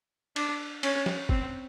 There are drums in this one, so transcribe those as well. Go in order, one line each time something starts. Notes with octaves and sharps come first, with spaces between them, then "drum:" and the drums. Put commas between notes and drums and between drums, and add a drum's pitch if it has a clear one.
D4, drum: cymbal
C#4, drum: cymbal
drum: snare
C4, drum: kick